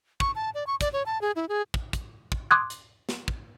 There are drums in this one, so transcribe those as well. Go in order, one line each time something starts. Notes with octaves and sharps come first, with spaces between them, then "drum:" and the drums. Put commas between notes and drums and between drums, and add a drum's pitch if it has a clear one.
C#6, drum: kick
A5
D5
C#6
D5, drum: kick, hi-hat
C#5
A5
G#4
E4
G#4
drum: kick
drum: kick, hi-hat
drum: kick
C6 D6 D#6 F#6 G#6
drum: hi-hat
drum: snare
drum: kick